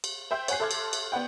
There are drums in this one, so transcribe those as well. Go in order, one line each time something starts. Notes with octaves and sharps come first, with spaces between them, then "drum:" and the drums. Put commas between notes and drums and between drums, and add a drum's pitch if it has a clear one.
drum: cymbal
C5 E5 G5 G6
C#5 F#5 G#5 F#6 C7, drum: cymbal
A4 E5 C6 D6 F6 G#6
drum: cymbal
drum: cymbal
B3 D5 F#5 G5